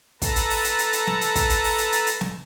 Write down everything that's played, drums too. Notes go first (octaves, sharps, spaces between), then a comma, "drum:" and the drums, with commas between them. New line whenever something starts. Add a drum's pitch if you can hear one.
A4 B4 A5 A#5, drum: kick, hi-hat
drum: hi-hat
drum: open hi-hat
drum: hi-hat
drum: hi-hat
drum: hi-hat
drum: snare
drum: hi-hat
drum: kick, hi-hat
drum: hi-hat
drum: open hi-hat
drum: hi-hat
drum: hi-hat
drum: hi-hat
drum: snare